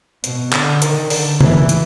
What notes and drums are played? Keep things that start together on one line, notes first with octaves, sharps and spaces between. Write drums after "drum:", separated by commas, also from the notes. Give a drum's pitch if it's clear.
B2, drum: hi-hat
D3, drum: clap
D#3, drum: hi-hat
D3, drum: open hi-hat
E3, drum: tom C3
drum: hi-hat